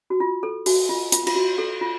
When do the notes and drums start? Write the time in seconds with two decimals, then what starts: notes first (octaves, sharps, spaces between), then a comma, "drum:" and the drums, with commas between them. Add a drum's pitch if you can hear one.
0.10 F#4
0.20 F4
0.43 A4
0.66 F#4, drum: open hi-hat
0.89 F4
1.12 F4, drum: hi-hat
1.27 F4, drum: cymbal
1.35 F#4
1.58 A4
1.81 F4